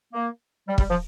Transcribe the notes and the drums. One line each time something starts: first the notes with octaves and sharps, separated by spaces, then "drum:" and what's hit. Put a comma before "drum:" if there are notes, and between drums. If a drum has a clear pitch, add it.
A#3
G3
G3, drum: kick
F3